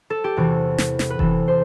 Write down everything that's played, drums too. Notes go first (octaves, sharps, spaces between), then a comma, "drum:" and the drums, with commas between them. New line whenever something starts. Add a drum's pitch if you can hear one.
A4
G4
E2 C3 E3 F#4
drum: snare
drum: snare
B4
E2 C3 E3 A4, drum: kick F1
C5